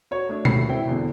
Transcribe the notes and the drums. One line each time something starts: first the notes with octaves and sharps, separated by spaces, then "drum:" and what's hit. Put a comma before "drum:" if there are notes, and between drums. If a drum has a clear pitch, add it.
F#4 C#5
A3 D4
D#1 A2 A3 F#4 B5 C7, drum: tom B2
C4 E4 G5
E2 B2 D3